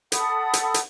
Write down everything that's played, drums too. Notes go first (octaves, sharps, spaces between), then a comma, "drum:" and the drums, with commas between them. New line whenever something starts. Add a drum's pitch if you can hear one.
A4 F#5 B5 D#6, drum: hi-hat
drum: hi-hat
drum: hi-hat